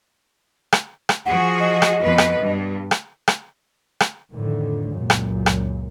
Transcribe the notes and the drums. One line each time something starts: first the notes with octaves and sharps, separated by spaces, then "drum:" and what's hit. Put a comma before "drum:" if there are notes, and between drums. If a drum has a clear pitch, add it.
drum: rim click
drum: rim click
F3 F#4 G#4 F#5
D#5
drum: rim click
F2 B2 B4
drum: rim click
G2
drum: rim click
drum: rim click
drum: rim click
F2 A2 D3 D#3
C#2 F#2 A#2
drum: rim click
drum: rim click